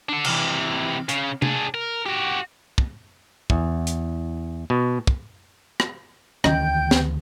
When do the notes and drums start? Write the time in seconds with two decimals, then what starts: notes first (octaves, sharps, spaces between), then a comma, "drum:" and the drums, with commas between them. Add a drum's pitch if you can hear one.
0.09 D4 A4
0.25 C3 E3, drum: cymbal
1.09 C#3, drum: hi-hat
1.42 D4 G#4, drum: tom C3
1.74 A#4
2.06 F#4 G4
2.78 drum: kick
3.50 E2, drum: kick
3.87 drum: hi-hat
4.70 B2
5.07 drum: kick
5.80 drum: rim click
6.44 D2 D#3 E3 F#3 C#4 D#4 G5 G6, drum: rim click
6.91 drum: snare